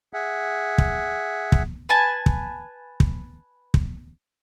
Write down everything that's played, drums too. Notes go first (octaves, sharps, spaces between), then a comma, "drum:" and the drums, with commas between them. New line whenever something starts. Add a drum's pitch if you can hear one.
G#4 E5 F#5
drum: kick
drum: kick
B4 G#5 A5
drum: kick
drum: kick
drum: kick